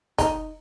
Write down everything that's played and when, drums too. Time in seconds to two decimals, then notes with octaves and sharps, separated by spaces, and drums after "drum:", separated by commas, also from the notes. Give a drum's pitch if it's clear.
0.18 D#4, drum: kick, hi-hat